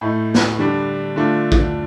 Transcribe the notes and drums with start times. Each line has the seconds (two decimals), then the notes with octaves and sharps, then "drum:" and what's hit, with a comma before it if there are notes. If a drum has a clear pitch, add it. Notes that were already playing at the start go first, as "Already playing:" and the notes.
0.01 A2 A3 D#4
0.34 drum: snare
0.59 D3 G3 D4
1.16 D3 A3 D4 F4
1.52 drum: kick